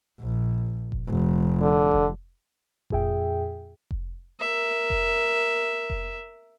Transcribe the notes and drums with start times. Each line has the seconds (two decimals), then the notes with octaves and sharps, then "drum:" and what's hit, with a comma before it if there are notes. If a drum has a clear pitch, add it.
0.20 A#1
0.92 drum: kick F1
1.08 F1
1.61 D3
1.91 drum: kick F1
2.90 F2 A#2 G#4 E5 G5, drum: kick F1
3.91 drum: kick F1
4.40 A#4 E5
4.90 drum: kick F1
5.90 drum: kick F1